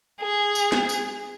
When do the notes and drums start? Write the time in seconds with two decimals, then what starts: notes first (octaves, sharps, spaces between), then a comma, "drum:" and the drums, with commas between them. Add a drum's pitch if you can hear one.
0.21 G#4
0.55 drum: tambourine
0.72 drum: snare
0.89 drum: tambourine